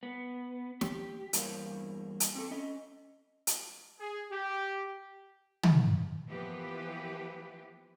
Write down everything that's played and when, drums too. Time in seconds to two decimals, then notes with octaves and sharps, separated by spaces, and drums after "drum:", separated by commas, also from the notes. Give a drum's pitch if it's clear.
0.03 B3
0.81 G4, drum: snare
1.33 E2 G2 A#3 C5 C#5, drum: hi-hat
2.20 drum: hi-hat
2.35 C4 A4
2.51 C#4 D#5
3.47 drum: hi-hat
3.99 G#4
4.30 G4
5.63 drum: tom
6.30 E3 F3 A#3 B3 G4 B4